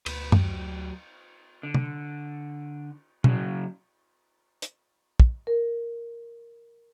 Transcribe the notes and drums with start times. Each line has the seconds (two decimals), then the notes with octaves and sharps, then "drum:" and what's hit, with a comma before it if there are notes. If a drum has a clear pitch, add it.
0.06 D2 B2 B4, drum: cymbal
0.32 F#3 G4, drum: tom F#2
1.63 D3
1.74 drum: tom
3.24 C#3 F#3, drum: tom B2
4.62 drum: hi-hat
5.20 drum: kick
5.47 A#4